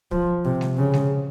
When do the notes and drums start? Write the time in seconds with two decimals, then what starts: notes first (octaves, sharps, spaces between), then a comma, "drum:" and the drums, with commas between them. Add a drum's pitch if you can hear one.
0.11 F3, drum: kick
0.45 C3
0.61 drum: snare G#3
0.77 C#3
0.94 drum: snare G#3